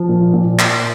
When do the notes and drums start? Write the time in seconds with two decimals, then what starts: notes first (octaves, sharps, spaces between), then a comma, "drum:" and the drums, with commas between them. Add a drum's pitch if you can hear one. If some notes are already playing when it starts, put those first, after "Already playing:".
Already playing: F3
0.09 A#2
0.33 A#2
0.59 drum: clap